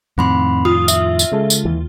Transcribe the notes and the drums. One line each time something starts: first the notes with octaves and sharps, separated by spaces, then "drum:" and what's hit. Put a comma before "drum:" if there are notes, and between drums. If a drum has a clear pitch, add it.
F2 A2 D#3 C4 B5 C6
F4 D#6
E5, drum: tambourine
drum: tambourine
C#3 G#3 A4
drum: tambourine
D#2 E3